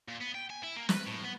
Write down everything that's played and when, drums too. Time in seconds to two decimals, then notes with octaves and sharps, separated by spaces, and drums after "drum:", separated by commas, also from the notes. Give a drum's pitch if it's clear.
0.08 A#2
0.21 B3
0.34 G5
0.50 G#5
0.63 E4
0.76 A#3
0.89 B4, drum: snare
1.07 A2
1.24 B3